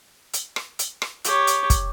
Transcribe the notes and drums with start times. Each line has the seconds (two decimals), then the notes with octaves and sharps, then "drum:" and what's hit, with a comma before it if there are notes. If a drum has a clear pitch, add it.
0.33 drum: hi-hat
0.56 drum: rim click
0.79 drum: hi-hat
1.02 drum: rim click
1.24 G4 C#5, drum: hi-hat
1.47 drum: hi-hat
1.70 drum: kick, hi-hat